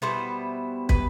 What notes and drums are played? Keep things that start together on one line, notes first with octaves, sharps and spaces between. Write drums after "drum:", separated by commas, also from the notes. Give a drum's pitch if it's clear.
B2 G3 B3 E4 C5
B4, drum: kick